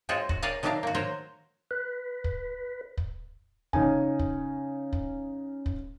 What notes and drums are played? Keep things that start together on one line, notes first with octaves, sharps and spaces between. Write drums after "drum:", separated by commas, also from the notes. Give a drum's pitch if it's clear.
G#3 C4 F4 F#4 C#5 D#5
F#4, drum: kick
A#4 C#5 D5 F5 F#5 G#5
D#3 F#3 D4 E5 F5 A#5
A#3 F#4
F#3 A#4 C5 C#5
B4
drum: kick
drum: kick
C#3 C#4 D#4 G#5, drum: kick
drum: kick
drum: kick
drum: kick